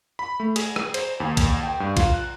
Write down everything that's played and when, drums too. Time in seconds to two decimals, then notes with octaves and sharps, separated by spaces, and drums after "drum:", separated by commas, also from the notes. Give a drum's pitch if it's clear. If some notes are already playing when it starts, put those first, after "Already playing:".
0.19 B5
0.40 A3
0.56 G#4, drum: cymbal
0.76 drum: rim click
0.94 C5, drum: cymbal
1.20 D#2
1.37 drum: kick, cymbal
1.63 G5
1.80 G2
1.97 F4, drum: kick, cymbal
2.14 F#6